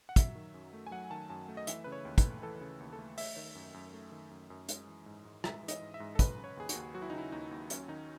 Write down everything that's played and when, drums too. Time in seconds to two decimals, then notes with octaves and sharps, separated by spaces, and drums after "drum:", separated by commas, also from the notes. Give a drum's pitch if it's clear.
0.09 F#5
0.16 F#3 E5, drum: kick, hi-hat
0.35 D#3
0.54 F#2
0.73 A3
0.87 G#5
0.91 F#3 F#5
1.11 D#3 A5
1.30 F#2 A5
1.48 A3
1.57 D#5
1.67 E3 E5, drum: hi-hat
1.84 C#3 B4
1.92 C#5
2.05 D#2
2.18 B4, drum: kick, hi-hat
2.24 A3
2.42 E3 A4
2.61 C#3
2.80 D#2
2.93 A4
2.99 A3
3.18 A3 E5, drum: open hi-hat
3.36 D#3
3.55 F#2
3.74 F#2
3.93 A3
4.12 D#3
4.31 F#2
4.50 F#2
4.69 G#3, drum: hi-hat
4.87 E3
5.06 G#2
5.25 G#2
5.44 G#3 E5, drum: rim click
5.63 E3
5.68 D#5, drum: hi-hat
5.82 G#2
5.94 E5
6.00 G#2
6.15 A4
6.19 F#3 B4, drum: kick, hi-hat
6.38 C#3
6.44 C#5
6.57 D#2 G#4
6.69 F#4, drum: hi-hat
6.76 D#2
6.94 F#3 F#4
7.02 E4
7.10 D#4
7.13 C#3 E4
7.32 D#2 D#4
7.51 D#2
7.70 F#3 C#4, drum: hi-hat
7.88 D#3 D#4